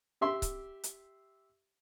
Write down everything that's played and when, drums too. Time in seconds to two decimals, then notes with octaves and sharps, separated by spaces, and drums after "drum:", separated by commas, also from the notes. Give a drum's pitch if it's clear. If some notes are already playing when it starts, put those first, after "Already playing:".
0.21 G4 E5 C6
0.42 drum: kick C#1, hi-hat
0.84 drum: hi-hat